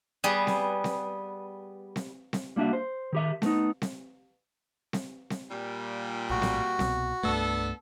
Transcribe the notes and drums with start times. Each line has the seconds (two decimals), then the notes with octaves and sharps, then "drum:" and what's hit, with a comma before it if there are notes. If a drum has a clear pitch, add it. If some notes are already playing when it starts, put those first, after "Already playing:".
0.24 G3 B3 G#4
0.47 drum: snare C4
0.84 drum: snare C4
1.96 drum: snare C4
2.33 drum: snare C4
2.56 G3 A#3 D4 F#4 E5
2.73 C5
3.13 D#3 G4 E5
3.42 A3 B3 D#4, drum: snare C4
3.82 drum: snare C4
4.93 drum: snare C4
5.30 drum: snare C4
5.50 A#2 G3
6.30 A#1 A2 F#4
6.42 drum: snare C4
6.79 C2 B2, drum: snare C4
7.23 C2 G2 A3 B3 D4 A4